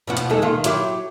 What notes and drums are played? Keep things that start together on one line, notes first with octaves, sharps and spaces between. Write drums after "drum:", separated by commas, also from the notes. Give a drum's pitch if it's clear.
B2 F3 F#4
drum: hi-hat
D#2 G#3 A4
D#3 F4
F#3 E4 G4, drum: hi-hat